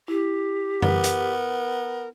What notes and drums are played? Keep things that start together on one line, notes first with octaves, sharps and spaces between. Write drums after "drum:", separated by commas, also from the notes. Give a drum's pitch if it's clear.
E4 G4
B3 A#4, drum: tom F#2
drum: hi-hat